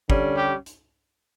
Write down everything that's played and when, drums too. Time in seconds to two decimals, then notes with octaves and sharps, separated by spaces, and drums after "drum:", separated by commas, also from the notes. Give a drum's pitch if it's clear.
0.10 D3 G3 C#4, drum: kick
0.37 G4
0.66 drum: hi-hat